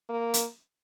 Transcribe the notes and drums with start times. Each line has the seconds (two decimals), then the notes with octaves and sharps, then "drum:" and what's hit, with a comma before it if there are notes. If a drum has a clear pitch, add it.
0.09 A#3
0.34 drum: hi-hat